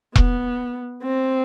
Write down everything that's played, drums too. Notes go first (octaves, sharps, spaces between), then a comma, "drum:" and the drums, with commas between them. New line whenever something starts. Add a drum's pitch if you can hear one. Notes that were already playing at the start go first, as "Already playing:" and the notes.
B3, drum: kick E1
C4